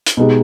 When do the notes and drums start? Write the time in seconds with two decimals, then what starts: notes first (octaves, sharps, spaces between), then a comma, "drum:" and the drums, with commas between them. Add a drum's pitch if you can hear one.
0.06 drum: hi-hat
0.17 B2 G#3 D#4 G4